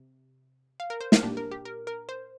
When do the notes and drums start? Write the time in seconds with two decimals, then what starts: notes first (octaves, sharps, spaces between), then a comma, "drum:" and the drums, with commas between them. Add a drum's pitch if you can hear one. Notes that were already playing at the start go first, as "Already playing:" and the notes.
Already playing: C3
0.80 F5
0.90 A#4
1.01 C5
1.12 A#4, drum: snare
1.22 A#2 A#3 D4 G4
1.37 A#4
1.51 G4
1.65 A#4
1.87 A#4
2.09 C5